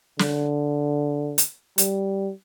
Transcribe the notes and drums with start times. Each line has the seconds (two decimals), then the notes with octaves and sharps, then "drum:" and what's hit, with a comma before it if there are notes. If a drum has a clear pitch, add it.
0.19 D3, drum: snare
1.38 drum: hi-hat
1.78 G3, drum: hi-hat